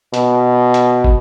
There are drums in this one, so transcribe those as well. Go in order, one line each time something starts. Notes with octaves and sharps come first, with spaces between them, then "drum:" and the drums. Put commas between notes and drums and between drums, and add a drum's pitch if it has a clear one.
B2, drum: hi-hat
drum: hi-hat
drum: kick